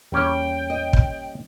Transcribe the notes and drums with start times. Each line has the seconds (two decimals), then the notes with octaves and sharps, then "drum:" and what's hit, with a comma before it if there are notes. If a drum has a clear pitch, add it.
0.12 E2 G3 A#3 C#4 G5
0.70 D#5
0.93 drum: kick